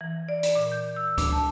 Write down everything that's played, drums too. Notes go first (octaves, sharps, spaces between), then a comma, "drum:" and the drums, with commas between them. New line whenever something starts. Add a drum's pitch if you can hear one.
E3
D5
drum: hi-hat
A#2
G6
E6
D4, drum: kick C#2, hi-hat
A5